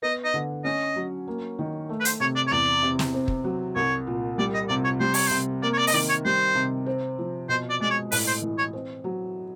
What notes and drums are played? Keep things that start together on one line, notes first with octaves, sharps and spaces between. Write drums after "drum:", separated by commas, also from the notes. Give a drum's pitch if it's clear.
B3 D#5
D#5
D3
C#4 D#5
F#3
A#3
D#3
A3
B4
C5, drum: hi-hat
C3 C#5
D5
C#5
E2 D5
C3
drum: snare
C4
drum: kick
F#3
C2 C#5
A#2
G3 D5
D#5
C3 D5
C#5
G3 C5
C#5, drum: open hi-hat
C3 C5
A#3 D5
C#5
D5
D#5, drum: open hi-hat
D#3 D5
C#5
G3 C5
C3
C4
F3
B2 C5
D5
G#3 D5
C#5
A2 B4, drum: open hi-hat
C5
E3
C#5
C4
F#3